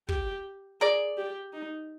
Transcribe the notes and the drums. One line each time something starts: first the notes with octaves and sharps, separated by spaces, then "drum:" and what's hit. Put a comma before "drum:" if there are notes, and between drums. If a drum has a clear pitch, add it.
G4, drum: kick
G#4 A#4 D5
G4
D#4